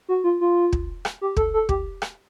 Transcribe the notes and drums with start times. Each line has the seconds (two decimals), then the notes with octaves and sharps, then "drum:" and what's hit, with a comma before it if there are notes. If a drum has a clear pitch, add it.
0.09 F#4
0.24 F4
0.41 F4
0.73 drum: kick
1.05 drum: rim click
1.21 G4
1.36 A4, drum: kick
1.54 A4
1.69 G4, drum: kick
2.02 drum: rim click